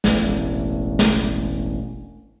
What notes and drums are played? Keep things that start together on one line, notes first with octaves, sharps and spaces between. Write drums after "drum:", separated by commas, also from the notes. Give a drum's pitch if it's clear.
E1 A1, drum: snare
drum: snare